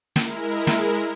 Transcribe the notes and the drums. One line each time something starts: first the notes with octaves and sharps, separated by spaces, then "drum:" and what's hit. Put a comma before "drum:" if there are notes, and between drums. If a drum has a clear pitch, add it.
G#3 E4 A#4, drum: snare
drum: snare